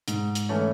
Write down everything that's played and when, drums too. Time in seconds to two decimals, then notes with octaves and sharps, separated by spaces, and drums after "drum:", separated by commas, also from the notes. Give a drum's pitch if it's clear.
0.08 G#2, drum: hi-hat
0.35 drum: hi-hat
0.49 E3 A3 C#4